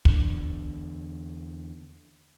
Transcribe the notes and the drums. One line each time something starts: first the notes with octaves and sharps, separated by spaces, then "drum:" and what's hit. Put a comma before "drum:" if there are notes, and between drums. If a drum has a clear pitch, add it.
E2 D3, drum: kick